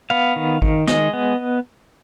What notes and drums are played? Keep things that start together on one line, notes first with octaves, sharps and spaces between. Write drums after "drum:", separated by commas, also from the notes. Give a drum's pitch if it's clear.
B3 F5
D#3
D#3, drum: kick G#1
G#3 D#5, drum: snare
B3